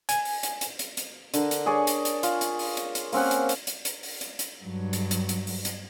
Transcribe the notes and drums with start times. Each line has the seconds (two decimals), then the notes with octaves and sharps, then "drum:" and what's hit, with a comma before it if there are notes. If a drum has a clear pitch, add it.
0.09 G#5, drum: hi-hat
0.25 drum: open hi-hat
0.43 drum: hi-hat
0.61 drum: hi-hat
0.79 drum: hi-hat
0.97 drum: hi-hat
1.34 D3 A#4, drum: hi-hat
1.51 drum: hi-hat
1.66 G#4 C#5 D5
1.87 drum: hi-hat
2.05 drum: hi-hat
2.23 F4, drum: hi-hat
2.41 drum: hi-hat
2.59 drum: open hi-hat
2.77 drum: hi-hat
2.95 drum: hi-hat
3.12 A#3 C4 C#4 F#5, drum: open hi-hat
3.31 drum: hi-hat
3.49 drum: hi-hat
3.67 drum: hi-hat
3.85 drum: hi-hat
4.03 drum: open hi-hat
4.21 drum: hi-hat
4.39 drum: hi-hat
4.63 G2 F#3
4.93 drum: hi-hat
5.11 drum: hi-hat
5.29 drum: hi-hat
5.47 drum: open hi-hat
5.65 drum: hi-hat